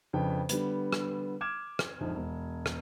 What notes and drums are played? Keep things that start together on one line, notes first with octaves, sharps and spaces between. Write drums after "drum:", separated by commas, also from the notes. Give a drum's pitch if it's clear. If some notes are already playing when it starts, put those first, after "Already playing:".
F2 C#3 D4 B4 G5
D3 G3 B3, drum: hi-hat
drum: rim click
D6 F6 G#6 E7
drum: rim click
A#1 F2 G#2
E1
drum: rim click